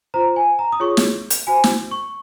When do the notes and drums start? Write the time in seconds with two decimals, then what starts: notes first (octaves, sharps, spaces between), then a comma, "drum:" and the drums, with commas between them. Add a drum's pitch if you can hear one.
0.14 F4 C5 A#5
0.36 G#5
0.59 A#5
0.72 D#6
0.80 F4 G#4 C#5 C#6
0.97 drum: snare
1.30 drum: hi-hat
1.47 F#4 C5 G#5
1.64 drum: snare
1.91 C#6